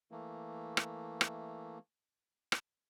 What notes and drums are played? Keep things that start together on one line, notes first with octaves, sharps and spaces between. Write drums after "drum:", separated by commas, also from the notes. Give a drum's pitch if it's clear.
E3 A3 A#3
drum: rim click
drum: rim click
drum: rim click